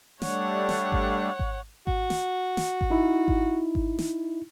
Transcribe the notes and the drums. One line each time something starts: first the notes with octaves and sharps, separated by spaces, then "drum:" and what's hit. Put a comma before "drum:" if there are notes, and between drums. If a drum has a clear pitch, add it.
G3 A3 D4 C#5 F#5, drum: snare
drum: snare
drum: kick G#1
drum: kick G#1
F#4, drum: kick G#1
drum: snare
drum: snare
drum: kick G#1
D#4 E4
drum: kick G#1
drum: kick G#1
drum: snare